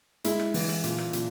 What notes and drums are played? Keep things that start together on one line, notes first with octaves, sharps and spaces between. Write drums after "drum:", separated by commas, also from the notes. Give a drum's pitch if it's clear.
G#3 E4, drum: hi-hat
drum: rim click
E3, drum: open hi-hat
drum: rim click
A#2, drum: hi-hat
drum: rim click
A#2, drum: hi-hat